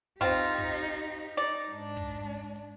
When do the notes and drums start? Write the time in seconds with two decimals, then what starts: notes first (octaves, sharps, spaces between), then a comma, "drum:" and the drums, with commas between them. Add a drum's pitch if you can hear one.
0.21 C4 D#4 F4 G4, drum: kick, hi-hat
0.58 drum: kick, hi-hat
0.98 drum: open hi-hat
1.37 D#4 D5, drum: hi-hat
1.71 G#2 D4
1.97 drum: kick
2.16 drum: hi-hat
2.56 drum: open hi-hat